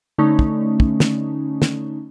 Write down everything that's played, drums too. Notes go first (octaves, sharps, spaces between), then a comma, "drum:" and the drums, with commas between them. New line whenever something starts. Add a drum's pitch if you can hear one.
D3 A3 C#4 D#4
drum: kick
drum: kick
drum: snare
drum: snare